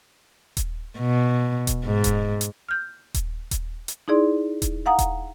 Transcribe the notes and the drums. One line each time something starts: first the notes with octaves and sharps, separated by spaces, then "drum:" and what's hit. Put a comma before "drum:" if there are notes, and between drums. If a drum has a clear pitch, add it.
drum: kick D#1, hi-hat
B2
drum: kick D#1, hi-hat
G#2
drum: kick D#1, hi-hat
drum: hi-hat
F6 G6
drum: kick D#1, hi-hat
drum: kick D#1, hi-hat
drum: hi-hat
D#4 E4 G#4 D5 C6
drum: kick D#1, hi-hat
F5 F#5 A#5 D#6
drum: kick D#1, hi-hat